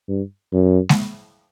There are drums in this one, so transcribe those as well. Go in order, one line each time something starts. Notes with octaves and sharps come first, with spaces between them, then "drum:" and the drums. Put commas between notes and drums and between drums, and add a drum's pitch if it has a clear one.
G2
F#2
drum: snare G#3